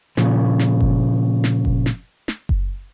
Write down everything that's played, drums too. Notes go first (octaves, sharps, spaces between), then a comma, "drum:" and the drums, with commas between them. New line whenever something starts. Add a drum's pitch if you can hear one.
A#2 C#3 F3, drum: snare
drum: snare
drum: kick F#1
drum: snare
drum: kick F#1
drum: snare
drum: snare
drum: kick F#1